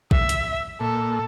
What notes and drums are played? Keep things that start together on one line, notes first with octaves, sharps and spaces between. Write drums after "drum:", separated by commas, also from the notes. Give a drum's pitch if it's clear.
E5, drum: kick A#1
drum: hi-hat
A#2 A4